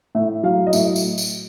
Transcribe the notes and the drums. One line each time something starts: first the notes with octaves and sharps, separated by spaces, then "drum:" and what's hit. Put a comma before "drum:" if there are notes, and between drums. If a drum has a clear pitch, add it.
A2 E5
F#3 F5
D#5
A2 E5, drum: tambourine
drum: tambourine
drum: tambourine